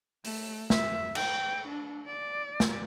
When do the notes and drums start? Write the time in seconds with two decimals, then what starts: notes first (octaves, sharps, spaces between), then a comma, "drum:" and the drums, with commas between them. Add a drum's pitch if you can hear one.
0.25 A3, drum: open hi-hat
0.70 E5, drum: snare
1.15 G5, drum: cymbal
1.68 D4
2.06 D5
2.60 drum: snare